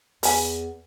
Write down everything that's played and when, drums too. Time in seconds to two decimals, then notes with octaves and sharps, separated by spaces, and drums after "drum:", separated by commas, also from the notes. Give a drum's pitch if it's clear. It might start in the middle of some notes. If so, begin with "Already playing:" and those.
0.23 E2 B4 G#5, drum: open hi-hat